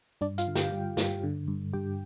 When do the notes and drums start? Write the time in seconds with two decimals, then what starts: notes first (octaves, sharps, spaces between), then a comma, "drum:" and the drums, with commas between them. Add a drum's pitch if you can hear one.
0.21 G2 D4 D5
0.38 F4 F5, drum: hi-hat
0.48 D3
0.55 G4 G5, drum: snare
0.72 G3
0.97 G2, drum: snare
1.23 D3
1.48 G2
1.73 G2 G4 G5